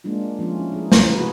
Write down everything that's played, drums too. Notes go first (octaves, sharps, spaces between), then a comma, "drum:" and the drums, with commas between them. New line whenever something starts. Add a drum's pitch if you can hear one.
G#3 A#3 D4 F4
F3 G#3 A3 C#4 F4
E4
B3 D#4 G#4
B4, drum: snare
C3 F4 F#4 G#4 B4